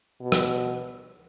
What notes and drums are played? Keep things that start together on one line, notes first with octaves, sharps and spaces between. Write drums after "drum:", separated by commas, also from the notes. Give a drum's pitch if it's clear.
B2
drum: rim click